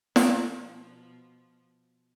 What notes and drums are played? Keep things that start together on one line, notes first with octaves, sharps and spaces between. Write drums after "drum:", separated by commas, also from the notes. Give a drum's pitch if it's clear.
B2 F3, drum: snare